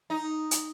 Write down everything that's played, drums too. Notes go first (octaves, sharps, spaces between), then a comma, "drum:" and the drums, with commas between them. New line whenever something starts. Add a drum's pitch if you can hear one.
D#4
drum: hi-hat